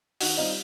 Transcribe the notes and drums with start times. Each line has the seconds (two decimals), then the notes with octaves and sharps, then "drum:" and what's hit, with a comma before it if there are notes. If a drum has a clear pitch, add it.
0.21 D#3 F#4 F#5, drum: open hi-hat
0.37 G3 C4 D#4 F4 D#5